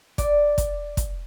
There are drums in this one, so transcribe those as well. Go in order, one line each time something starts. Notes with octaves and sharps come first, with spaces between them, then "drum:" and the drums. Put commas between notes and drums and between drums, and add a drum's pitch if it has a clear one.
D5, drum: kick, hi-hat
drum: kick, hi-hat
drum: kick, hi-hat